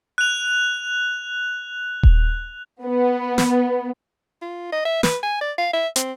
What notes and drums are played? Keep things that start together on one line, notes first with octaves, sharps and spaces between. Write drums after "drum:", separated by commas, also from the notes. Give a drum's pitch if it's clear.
F#6 F7
drum: kick D#1
B3
drum: snare
F4
D#5
E5
B4, drum: snare
G#5
D5
F5
E5
C4, drum: hi-hat